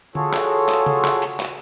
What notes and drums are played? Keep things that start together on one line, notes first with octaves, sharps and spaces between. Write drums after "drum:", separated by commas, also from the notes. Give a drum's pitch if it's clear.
F4 F#4 G#4 A4 C#5, drum: tom D3
drum: clap
drum: clap
drum: tom C#3
drum: clap
drum: hi-hat
drum: clap